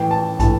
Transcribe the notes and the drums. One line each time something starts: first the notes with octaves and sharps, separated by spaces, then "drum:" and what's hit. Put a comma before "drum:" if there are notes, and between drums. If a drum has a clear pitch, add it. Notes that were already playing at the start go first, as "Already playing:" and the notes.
Already playing: A2 E3 G5
A5
A2 E3 A5, drum: kick, hi-hat